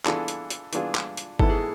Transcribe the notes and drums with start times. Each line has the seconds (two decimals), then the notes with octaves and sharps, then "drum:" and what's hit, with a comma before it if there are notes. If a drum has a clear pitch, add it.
0.05 E3 B3 D4 F4 G#4 A4, drum: clap
0.28 drum: hi-hat
0.50 drum: hi-hat
0.73 E3 B3 D4 F4 G#4, drum: hi-hat
0.95 drum: clap
1.17 drum: hi-hat
1.39 G#2 E3 B3 E4 A4, drum: kick G1
1.49 G#4